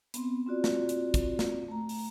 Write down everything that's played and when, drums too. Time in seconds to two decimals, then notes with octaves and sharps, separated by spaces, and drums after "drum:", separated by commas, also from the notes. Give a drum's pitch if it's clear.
0.14 B3 C4, drum: hi-hat
0.46 C4 F4 F#4 D5
0.64 drum: snare
0.89 drum: hi-hat
1.14 drum: kick, hi-hat
1.39 drum: snare
1.68 A3 A#5
1.89 drum: open hi-hat